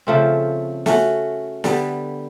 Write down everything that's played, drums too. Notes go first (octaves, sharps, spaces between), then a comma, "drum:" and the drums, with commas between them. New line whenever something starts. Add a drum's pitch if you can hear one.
C#3 F3 A3 C4
A3 C#4 F#4, drum: snare
D3 G3 B3, drum: snare